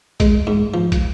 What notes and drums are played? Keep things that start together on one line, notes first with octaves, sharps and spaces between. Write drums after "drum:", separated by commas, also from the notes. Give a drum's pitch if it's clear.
G#3, drum: kick, hi-hat
G#2
F3
drum: kick, hi-hat